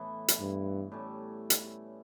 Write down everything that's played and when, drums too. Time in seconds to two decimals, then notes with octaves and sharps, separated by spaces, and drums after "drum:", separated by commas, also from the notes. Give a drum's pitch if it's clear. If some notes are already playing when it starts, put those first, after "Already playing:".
Already playing: A2 E3 B3 C#4 E4
0.28 drum: hi-hat
0.40 G2
0.92 A2 G3 C#4
1.50 drum: hi-hat